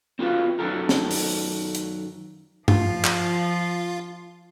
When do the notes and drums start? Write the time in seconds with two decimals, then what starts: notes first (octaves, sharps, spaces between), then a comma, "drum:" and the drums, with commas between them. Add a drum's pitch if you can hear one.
0.19 C4 F4 F#4 B4 F5
0.59 F#2 D#3 F#4 A4 A#4
0.89 drum: snare
1.11 drum: open hi-hat
1.75 drum: hi-hat
2.68 F3 F4, drum: tom G2
3.04 drum: clap